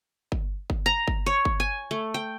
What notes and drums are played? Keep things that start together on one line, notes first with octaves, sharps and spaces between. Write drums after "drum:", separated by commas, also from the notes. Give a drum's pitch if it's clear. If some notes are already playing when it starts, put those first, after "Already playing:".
drum: kick G1
drum: kick G1
A#5
drum: kick G1
C#5
drum: kick G1
G#5
A3
G5